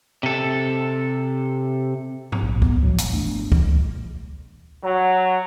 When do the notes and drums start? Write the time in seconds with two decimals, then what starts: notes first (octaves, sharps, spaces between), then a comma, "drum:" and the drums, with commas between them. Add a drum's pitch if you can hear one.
0.23 C3 A4
2.32 drum: tom G#2
2.43 A#1
2.62 D#2 B3, drum: kick D2
2.83 C#2 A2 F3 F#3
2.98 D1 G1, drum: hi-hat
3.12 G#1 E2 A3 D4
3.52 C2 E3, drum: kick D2
4.85 F#3